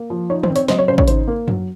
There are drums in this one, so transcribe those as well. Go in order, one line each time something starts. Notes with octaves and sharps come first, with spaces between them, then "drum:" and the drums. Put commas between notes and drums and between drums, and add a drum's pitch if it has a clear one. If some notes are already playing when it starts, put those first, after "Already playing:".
Already playing: A#3
F3
D#4 C#5
C5, drum: tom
C4
C#5, drum: hi-hat
F#3 C5 D#5, drum: snare
C#5
C#3 C5
C#5, drum: kick
D#4 C5, drum: hi-hat
A#3
F#3, drum: tom F#2